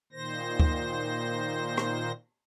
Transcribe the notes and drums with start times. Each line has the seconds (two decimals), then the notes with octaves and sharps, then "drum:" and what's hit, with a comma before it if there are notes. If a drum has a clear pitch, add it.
0.12 A#2 D#3 C5 A#6
0.60 drum: kick D2
1.78 drum: rim click